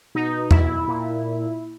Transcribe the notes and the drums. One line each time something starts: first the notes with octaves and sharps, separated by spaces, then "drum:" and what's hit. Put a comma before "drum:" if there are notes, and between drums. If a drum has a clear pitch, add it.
B2 D#4
E4, drum: tom E2
A#2